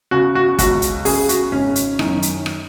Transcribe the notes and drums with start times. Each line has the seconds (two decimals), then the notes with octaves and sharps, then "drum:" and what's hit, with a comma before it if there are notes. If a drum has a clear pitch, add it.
0.11 C#3 F#4
0.35 F#4
0.58 C#2 F#4, drum: kick, hi-hat
0.82 drum: hi-hat
1.05 C#3 G#4, drum: open hi-hat
1.29 F#4, drum: hi-hat
1.52 G#1 C#4
1.76 drum: hi-hat
1.99 F#2 D#3, drum: rim click
2.22 drum: hi-hat
2.46 drum: rim click